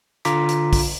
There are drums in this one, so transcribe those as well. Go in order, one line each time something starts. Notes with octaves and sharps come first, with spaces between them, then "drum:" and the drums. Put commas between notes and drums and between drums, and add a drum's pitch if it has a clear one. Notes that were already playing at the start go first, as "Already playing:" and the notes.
D3 F4 A#5 D6 B6, drum: hi-hat
drum: hi-hat
drum: kick, open hi-hat